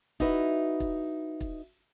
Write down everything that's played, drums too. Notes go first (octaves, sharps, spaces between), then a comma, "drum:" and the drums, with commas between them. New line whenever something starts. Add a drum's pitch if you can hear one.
D#4 E4 F#4 B4, drum: kick
drum: kick
drum: kick